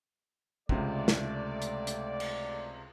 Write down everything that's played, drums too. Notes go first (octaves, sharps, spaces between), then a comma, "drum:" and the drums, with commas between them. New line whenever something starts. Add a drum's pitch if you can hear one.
C#2 C3 A3 D5, drum: kick
drum: snare
drum: hi-hat
drum: hi-hat
drum: cymbal